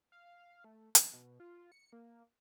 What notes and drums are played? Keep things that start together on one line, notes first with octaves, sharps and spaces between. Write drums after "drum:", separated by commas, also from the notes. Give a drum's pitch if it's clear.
F5
A3
D#3, drum: hi-hat
B2
F4
C#7
A#3